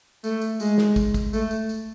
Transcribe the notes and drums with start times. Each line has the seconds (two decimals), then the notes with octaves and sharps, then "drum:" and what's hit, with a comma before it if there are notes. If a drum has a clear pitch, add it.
0.24 A3, drum: tambourine
0.41 drum: tambourine
0.60 G#3, drum: tambourine
0.78 drum: snare
0.96 drum: kick, tambourine
1.14 drum: kick, tambourine
1.33 A3, drum: tambourine
1.51 drum: tambourine
1.69 drum: tambourine